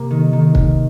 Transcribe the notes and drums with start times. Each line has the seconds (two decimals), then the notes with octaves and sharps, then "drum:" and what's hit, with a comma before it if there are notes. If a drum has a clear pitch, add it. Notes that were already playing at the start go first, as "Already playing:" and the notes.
Already playing: C3 A#3
0.11 D#3
0.33 D#3
0.55 D#3, drum: kick